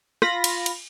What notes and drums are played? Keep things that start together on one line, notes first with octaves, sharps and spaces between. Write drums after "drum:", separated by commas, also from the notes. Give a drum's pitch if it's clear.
F4 B5 A#6, drum: rim click
drum: cymbal
drum: cymbal